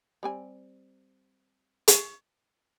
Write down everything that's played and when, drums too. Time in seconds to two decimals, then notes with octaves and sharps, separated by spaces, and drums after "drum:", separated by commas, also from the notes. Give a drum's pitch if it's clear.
0.23 G3 C4 G#5
1.88 drum: hi-hat